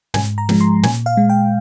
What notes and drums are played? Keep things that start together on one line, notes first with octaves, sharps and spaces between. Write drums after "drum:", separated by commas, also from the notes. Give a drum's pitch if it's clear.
G#2 G#5, drum: snare
A#5
F3 G#3, drum: snare
C6
A#2 G#5, drum: snare
F5
G#3
G5